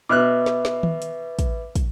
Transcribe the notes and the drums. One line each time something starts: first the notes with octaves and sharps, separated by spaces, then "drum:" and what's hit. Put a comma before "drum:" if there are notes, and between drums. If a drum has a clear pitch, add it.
B2 B4 E5 D6 F6 F#6
drum: snare
drum: snare
drum: tom D#3
drum: hi-hat
drum: kick, hi-hat
drum: kick, hi-hat